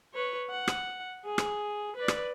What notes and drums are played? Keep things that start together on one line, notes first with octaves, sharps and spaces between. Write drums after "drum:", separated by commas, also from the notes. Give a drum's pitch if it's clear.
B4 C#5
F#5
drum: rim click
G#4
drum: rim click
B4 D5
drum: rim click